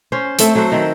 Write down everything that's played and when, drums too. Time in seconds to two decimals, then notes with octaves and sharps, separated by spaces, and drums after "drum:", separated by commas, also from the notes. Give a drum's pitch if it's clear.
0.12 C#4 C5
0.39 A3 C4 A4, drum: hi-hat
0.55 F#3 A3 F#4 C5
0.72 D#3 C4